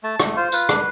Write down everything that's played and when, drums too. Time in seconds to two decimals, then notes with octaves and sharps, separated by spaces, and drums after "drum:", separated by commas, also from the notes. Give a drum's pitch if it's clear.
0.03 A3 A5
0.20 A3, drum: rim click
0.36 F4 C5
0.52 F4 B4, drum: tambourine
0.69 D4, drum: rim click